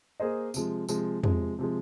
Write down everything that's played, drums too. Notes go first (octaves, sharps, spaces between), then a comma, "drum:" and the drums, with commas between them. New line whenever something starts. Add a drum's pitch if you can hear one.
A#3 G#4 C5 D#5
C3 F3 G#3, drum: tambourine
C3 F3 G#3, drum: tambourine
C3 F3 G#3, drum: tom
C3 F3 G#3